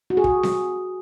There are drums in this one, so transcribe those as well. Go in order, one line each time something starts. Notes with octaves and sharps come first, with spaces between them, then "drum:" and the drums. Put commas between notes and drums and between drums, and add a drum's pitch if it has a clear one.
F#4
G#4
F#4, drum: kick
drum: snare C4